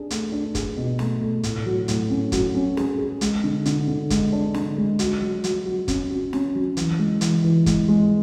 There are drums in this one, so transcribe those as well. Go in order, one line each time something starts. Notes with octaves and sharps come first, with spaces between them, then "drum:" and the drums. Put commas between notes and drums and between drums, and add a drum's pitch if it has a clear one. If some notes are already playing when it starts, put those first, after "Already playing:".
Already playing: D4 G#4
A3, drum: hi-hat
D4
G#4, drum: kick, hi-hat
B2
A3, drum: snare
A3
A2, drum: hi-hat
F#3
A2, drum: hi-hat
C#4
F#3, drum: kick, hi-hat
C#4
G#4, drum: snare
G#4
G#3, drum: hi-hat
D3
D3, drum: hi-hat
D3
G#3, drum: kick, hi-hat
D4
D3, drum: snare
G#3
F#4, drum: hi-hat
F#3
F#3, drum: hi-hat
F#4
C#4, drum: kick, hi-hat
F#4
C#4, drum: snare
F#3
E3, drum: hi-hat
G#3
E3, drum: hi-hat
E3
G#3, drum: kick, hi-hat
G#3